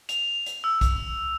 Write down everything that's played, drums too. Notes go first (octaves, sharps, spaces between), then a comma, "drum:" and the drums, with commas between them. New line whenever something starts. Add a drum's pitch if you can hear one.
F7, drum: hi-hat
drum: hi-hat
E6
drum: kick, hi-hat